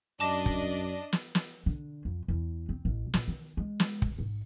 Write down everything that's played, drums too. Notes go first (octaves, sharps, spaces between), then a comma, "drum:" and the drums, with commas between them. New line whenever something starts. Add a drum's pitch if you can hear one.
F#2 D4 D5 D#5 A5 D6 A#6
drum: kick
drum: snare
drum: snare
D3
F2
E2
C4
A1
A#2, drum: snare
D#3
G#3
drum: snare
drum: kick
G#2